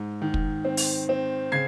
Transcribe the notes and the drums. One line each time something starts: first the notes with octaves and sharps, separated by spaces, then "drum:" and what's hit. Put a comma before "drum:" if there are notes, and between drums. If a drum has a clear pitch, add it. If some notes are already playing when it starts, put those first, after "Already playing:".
Already playing: G#2
D#3
drum: kick
C4
drum: open hi-hat
C4
C#3 G#6 C7